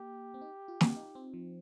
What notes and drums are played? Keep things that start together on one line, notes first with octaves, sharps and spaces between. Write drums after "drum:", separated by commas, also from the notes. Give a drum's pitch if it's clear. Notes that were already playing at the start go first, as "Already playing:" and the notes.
Already playing: A#3 G4
C4
D#4
F4
drum: snare
D#4
C4
F3